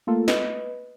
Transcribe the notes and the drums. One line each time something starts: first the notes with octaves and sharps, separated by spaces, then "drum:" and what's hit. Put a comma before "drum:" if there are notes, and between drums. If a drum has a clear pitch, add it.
A3 A#3 F4 A4
B4 D#5, drum: snare